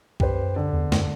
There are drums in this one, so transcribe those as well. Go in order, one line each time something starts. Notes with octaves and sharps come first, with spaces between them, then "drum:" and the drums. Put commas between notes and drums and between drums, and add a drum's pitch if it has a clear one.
F#2 G4 B4 C5, drum: kick B1
D3
E2
F#2, drum: snare